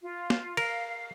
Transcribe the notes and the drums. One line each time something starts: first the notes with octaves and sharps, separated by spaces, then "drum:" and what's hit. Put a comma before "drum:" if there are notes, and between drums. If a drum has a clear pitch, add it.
F4
drum: snare
A#4 F5, drum: cymbal